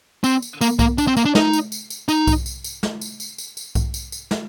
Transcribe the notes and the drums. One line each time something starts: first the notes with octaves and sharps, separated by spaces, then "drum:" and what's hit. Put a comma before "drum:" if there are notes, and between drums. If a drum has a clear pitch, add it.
C4, drum: tambourine
drum: tambourine
A#3, drum: tambourine
A#3, drum: kick B1, tambourine
D4, drum: tambourine
C4
A#3, drum: tambourine
D4
D#4, drum: snare
drum: tambourine
drum: tambourine
drum: tambourine
D#4, drum: tambourine
drum: kick B1, tambourine
drum: tambourine
drum: tambourine
drum: snare
drum: tambourine
drum: tambourine
drum: tambourine
drum: tambourine
drum: kick B1, tambourine
drum: tambourine
drum: tambourine
drum: snare